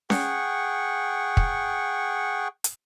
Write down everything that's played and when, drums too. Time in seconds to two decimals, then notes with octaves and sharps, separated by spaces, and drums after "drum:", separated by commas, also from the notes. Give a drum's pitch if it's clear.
0.10 G#4 F#5 G5 C#6, drum: snare C#4
1.37 drum: kick
2.64 drum: hi-hat